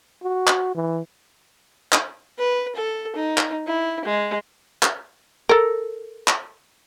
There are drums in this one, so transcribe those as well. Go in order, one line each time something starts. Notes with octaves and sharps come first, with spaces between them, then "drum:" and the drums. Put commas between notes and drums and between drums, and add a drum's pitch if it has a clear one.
F#4
drum: clap
E3
drum: clap
B4
A4
D#4
drum: clap
E4
G#3
drum: clap
A4 A#4
drum: clap